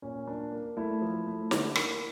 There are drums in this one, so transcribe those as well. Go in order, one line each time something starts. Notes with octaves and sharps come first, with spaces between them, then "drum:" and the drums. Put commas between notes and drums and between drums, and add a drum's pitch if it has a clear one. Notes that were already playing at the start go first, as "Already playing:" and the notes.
A#2 C#4
A#3 D4
A#3
A3 E4
F3
A3
D3, drum: snare
A#3, drum: rim click